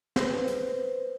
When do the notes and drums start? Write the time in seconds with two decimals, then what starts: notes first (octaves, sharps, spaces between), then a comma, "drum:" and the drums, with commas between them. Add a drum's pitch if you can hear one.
0.16 B4 C5, drum: snare
0.48 drum: hi-hat